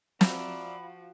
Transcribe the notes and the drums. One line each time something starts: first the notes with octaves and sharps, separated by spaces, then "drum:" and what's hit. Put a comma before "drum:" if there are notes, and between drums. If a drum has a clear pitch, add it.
F3 F#4 D5 E5 G5 A#5 B5, drum: snare